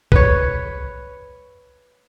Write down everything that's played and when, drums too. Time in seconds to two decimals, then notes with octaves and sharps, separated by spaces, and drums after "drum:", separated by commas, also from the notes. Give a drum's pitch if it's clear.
0.12 B4 C#5, drum: kick